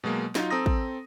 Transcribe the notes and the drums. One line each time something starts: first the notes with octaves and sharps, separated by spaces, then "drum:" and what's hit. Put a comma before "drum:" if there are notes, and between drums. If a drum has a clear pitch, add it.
B2 F#3 G#3 A#3
F#3 D#4 F4, drum: snare
C4 A4 A#5 D#6 A#6
drum: kick